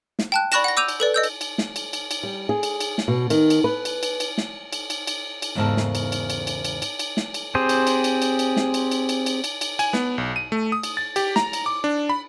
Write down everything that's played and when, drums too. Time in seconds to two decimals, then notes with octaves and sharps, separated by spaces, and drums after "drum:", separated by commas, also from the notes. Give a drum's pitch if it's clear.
0.19 drum: snare
0.32 G5 A5 F#6
0.52 D5 B5 C#6 F#6 A#6 E7, drum: cymbal
0.64 F#5 A#6
0.77 D6 E6 G6 D#7 F7
0.88 drum: cymbal
1.00 A4 B4 D5
1.14 D#5 E6 G6
1.23 drum: cymbal
1.41 drum: cymbal
1.58 drum: snare
1.76 drum: cymbal
1.93 drum: cymbal
2.11 drum: cymbal
2.23 G3
2.49 G#4
2.63 drum: cymbal
2.81 drum: cymbal
2.98 drum: snare
3.08 B2
3.30 D#3, drum: cymbal
3.50 drum: cymbal
3.64 B4
3.85 drum: cymbal
4.03 drum: cymbal
4.20 drum: cymbal
4.38 drum: snare
4.73 drum: cymbal
4.90 drum: cymbal
5.07 drum: cymbal
5.42 drum: cymbal
5.55 E2 G#2 C#3 A#3 A4 A5
5.77 drum: snare
5.95 drum: cymbal
6.12 drum: cymbal
6.30 drum: cymbal
6.47 drum: cymbal
6.65 drum: cymbal
6.82 drum: cymbal
6.99 drum: cymbal
7.17 drum: snare
7.34 drum: cymbal
7.55 C4 G4 G#4 C5
7.69 drum: cymbal
7.87 drum: cymbal
8.04 drum: cymbal
8.22 drum: cymbal
8.39 drum: cymbal
8.57 drum: snare
8.74 drum: cymbal
8.91 drum: cymbal
9.09 drum: cymbal
9.26 drum: cymbal
9.44 drum: cymbal
9.61 drum: cymbal
9.79 G#5, drum: cymbal
9.93 B3, drum: snare
10.18 B1
10.36 D#7
10.52 A3
10.72 D#6
10.83 drum: cymbal
10.97 A6
11.16 G4, drum: cymbal
11.36 A#5, drum: snare
11.53 drum: cymbal
11.66 D6
11.84 D4
12.09 B5